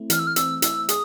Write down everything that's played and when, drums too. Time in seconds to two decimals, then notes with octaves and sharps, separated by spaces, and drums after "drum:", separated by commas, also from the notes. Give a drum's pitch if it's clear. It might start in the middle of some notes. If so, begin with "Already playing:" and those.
Already playing: A3 C4 E4
0.10 E3 F6, drum: hi-hat
0.19 E6
0.27 F6
0.36 C4 E6, drum: hi-hat
0.62 E4 E6, drum: hi-hat
0.89 G#4 D#6, drum: hi-hat